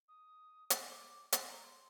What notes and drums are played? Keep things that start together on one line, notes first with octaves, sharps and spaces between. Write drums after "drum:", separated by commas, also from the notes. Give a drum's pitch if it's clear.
D#6
D6, drum: hi-hat
C6, drum: hi-hat
A#5
C6